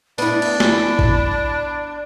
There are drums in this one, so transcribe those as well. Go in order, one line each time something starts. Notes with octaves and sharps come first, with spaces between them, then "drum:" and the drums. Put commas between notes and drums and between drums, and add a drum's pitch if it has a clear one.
B3 D4 E4 B5, drum: open hi-hat
drum: cymbal
drum: snare
drum: kick A1